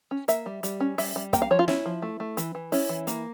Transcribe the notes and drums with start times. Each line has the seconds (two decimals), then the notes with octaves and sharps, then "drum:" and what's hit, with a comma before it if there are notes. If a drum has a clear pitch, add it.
0.11 C#4
0.28 A#3 E5, drum: hi-hat
0.46 G3
0.63 G3, drum: hi-hat
0.80 C#4
0.98 G3 E5, drum: open hi-hat
1.16 G3
1.33 A#3 G5, drum: kick, hi-hat
1.42 F5
1.51 F3 C#5
1.59 F4
1.68 C#4 E4, drum: snare
1.86 F3
2.02 A3
2.20 A3
2.37 E3, drum: hi-hat
2.55 E3
2.72 C#4 E4, drum: open hi-hat
2.89 E3
3.07 A#3, drum: hi-hat